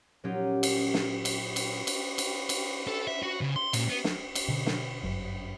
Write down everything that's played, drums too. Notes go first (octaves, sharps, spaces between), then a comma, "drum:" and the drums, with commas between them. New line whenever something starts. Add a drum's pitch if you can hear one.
A#2 F#3 C#4 D#4 F4 G4
drum: cymbal
drum: snare
drum: cymbal
drum: cymbal
drum: cymbal
drum: cymbal
drum: cymbal
A4
E5
F#4
C#3
C6
A#2, drum: cymbal
B3
drum: snare
drum: cymbal
B2 D3
drum: snare
G1 F#2